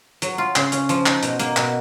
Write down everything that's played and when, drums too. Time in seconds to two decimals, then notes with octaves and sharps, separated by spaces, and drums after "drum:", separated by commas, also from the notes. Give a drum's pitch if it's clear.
0.22 F#3, drum: hi-hat
0.38 F4
0.56 C#3, drum: clap
0.72 C#4, drum: hi-hat
0.89 F3, drum: hi-hat
1.06 D#4, drum: clap
1.23 B2, drum: hi-hat
1.39 A#3, drum: hi-hat
1.57 B2, drum: clap